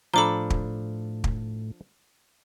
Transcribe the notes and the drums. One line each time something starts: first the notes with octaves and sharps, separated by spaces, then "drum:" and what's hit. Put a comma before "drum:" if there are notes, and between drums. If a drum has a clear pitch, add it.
A2 F3 D4 A4 A#5 B5 D6 G7
drum: kick
drum: kick